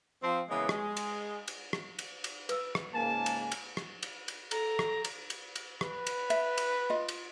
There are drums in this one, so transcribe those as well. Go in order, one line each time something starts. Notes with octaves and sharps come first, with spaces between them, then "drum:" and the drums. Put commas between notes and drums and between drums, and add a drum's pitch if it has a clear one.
F3 C4
C#3 E3 G#3 A#3 B3
G#3, drum: rim click
drum: cymbal
drum: cymbal
drum: rim click
drum: cymbal
drum: cymbal
B4 E6, drum: cymbal
drum: rim click
C#2 G#2 A#3 G#5 A5
drum: cymbal
drum: cymbal
drum: rim click
drum: cymbal
drum: cymbal
A4 A#5, drum: cymbal
drum: rim click
drum: cymbal
drum: cymbal
drum: cymbal
B4, drum: rim click
drum: cymbal
E5, drum: cymbal
drum: cymbal
F4 D#5
drum: cymbal